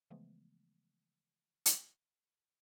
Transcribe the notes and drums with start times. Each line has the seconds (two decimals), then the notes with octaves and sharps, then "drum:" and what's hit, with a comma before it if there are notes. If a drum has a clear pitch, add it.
0.10 C#3 E3 F3 G#3 A3 B3
1.66 drum: hi-hat